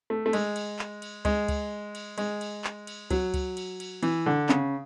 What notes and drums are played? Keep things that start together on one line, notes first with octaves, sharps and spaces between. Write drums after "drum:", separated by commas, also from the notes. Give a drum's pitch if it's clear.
A3
A3
G#3, drum: cymbal
drum: cymbal
drum: clap
drum: cymbal
G#3, drum: kick C#2, cymbal
drum: kick C#2, cymbal
drum: cymbal
G#3, drum: cymbal
drum: cymbal
drum: clap
drum: cymbal
F#3, drum: kick C#2, cymbal
drum: kick C#2, cymbal
drum: cymbal
drum: cymbal
E3, drum: cymbal
D3
C#3, drum: clap